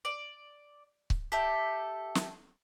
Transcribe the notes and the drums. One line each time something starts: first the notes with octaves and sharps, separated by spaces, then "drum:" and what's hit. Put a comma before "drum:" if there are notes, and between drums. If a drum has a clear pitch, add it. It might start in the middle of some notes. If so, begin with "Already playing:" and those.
D5
drum: kick C#1
G4 A4 E5 G6
drum: snare